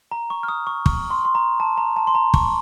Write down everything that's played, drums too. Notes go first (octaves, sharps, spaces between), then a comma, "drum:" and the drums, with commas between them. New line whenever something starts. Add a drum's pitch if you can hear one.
A#5
C#6
F6
D#6
C#6
C#6, drum: kick
C6
C6
A#5
A5
A#5
A5
C6
A#5
C#6, drum: kick